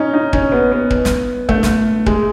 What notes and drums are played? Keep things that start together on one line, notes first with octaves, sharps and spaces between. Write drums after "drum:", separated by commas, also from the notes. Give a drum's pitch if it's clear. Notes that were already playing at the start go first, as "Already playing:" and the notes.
Already playing: C#4 D#4
D#4
C#4, drum: kick
B3
B3
drum: kick
drum: snare
A3, drum: kick
drum: snare
G#3, drum: kick